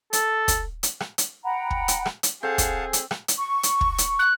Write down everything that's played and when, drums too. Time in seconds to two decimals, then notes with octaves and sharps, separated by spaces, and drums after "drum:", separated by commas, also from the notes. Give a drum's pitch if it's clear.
0.13 A4, drum: hi-hat
0.48 drum: kick, hi-hat
0.83 drum: hi-hat
1.00 drum: rim click
1.18 drum: hi-hat
1.44 F#5 G5 A#5 B5
1.71 drum: kick
1.88 drum: hi-hat
2.06 drum: rim click
2.23 drum: hi-hat
2.43 C4 G#4 A4 F5 F#5 A5 G6
2.58 drum: kick, hi-hat
2.93 drum: hi-hat
3.11 drum: rim click
3.28 drum: hi-hat
3.38 C#6
3.63 drum: hi-hat
3.81 drum: kick
3.98 drum: hi-hat
4.19 F#6